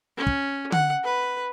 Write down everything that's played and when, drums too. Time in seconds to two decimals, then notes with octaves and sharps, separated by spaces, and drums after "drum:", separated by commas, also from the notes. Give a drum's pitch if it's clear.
0.17 C#4
0.27 drum: kick
0.72 F#5, drum: tom D3
1.04 B4